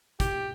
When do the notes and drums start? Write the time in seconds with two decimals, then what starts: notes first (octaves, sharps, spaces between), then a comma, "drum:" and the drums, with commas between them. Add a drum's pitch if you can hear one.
0.20 G4, drum: kick, hi-hat